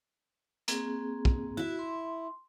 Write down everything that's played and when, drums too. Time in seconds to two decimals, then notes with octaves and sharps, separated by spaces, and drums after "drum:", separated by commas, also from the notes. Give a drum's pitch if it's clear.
0.68 A#3 C4 G#4, drum: hi-hat
1.25 drum: kick
1.57 E4 F#4 E5
1.79 C6